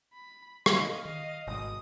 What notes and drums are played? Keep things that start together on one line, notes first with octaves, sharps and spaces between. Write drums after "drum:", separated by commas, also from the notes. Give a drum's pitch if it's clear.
B5
D#5 F5, drum: rim click
D#3 D#5 F5
G#1 B2 G#3 D#6